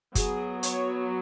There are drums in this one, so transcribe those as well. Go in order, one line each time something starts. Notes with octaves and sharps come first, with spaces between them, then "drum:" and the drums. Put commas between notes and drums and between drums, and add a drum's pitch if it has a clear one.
F#3 B3 G#4, drum: kick F#1, hi-hat
C#5, drum: hi-hat